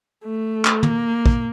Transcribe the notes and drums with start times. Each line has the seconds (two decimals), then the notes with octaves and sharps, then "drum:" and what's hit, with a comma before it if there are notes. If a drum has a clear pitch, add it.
0.25 A3
0.65 drum: clap
0.83 A#3, drum: tom
1.26 drum: kick